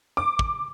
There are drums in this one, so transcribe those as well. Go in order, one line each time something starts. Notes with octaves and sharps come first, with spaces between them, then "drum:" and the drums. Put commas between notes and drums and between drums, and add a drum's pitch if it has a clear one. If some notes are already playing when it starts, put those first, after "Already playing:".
D6
drum: kick